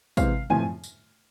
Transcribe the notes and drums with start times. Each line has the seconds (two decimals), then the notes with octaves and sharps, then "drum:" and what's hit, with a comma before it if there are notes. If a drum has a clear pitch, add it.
0.17 C3 E3 G#3 C4 F5, drum: kick, tambourine
0.50 A2 F3 A3 C4 G#5, drum: tom
0.84 drum: tambourine